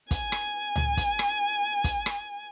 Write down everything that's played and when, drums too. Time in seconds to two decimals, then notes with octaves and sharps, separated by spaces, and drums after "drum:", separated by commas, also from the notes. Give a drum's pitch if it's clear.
0.11 G#5, drum: kick, hi-hat
0.32 drum: rim click
0.76 drum: tom C#2
0.97 drum: kick, hi-hat
1.19 drum: rim click
1.84 drum: kick, hi-hat
2.06 drum: rim click